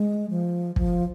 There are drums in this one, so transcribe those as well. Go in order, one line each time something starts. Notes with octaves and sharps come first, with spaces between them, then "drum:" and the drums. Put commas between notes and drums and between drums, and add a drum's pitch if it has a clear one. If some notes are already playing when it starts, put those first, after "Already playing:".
Already playing: G#3
F3
F3, drum: kick